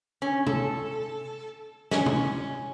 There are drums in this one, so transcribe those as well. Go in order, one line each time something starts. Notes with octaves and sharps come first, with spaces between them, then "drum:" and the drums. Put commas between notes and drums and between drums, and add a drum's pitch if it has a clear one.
C#4
A4, drum: tom
C#4, drum: snare
drum: tom